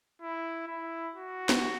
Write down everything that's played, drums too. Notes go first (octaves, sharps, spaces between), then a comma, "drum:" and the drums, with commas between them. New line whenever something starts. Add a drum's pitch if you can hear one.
E4
E4
F#4
drum: snare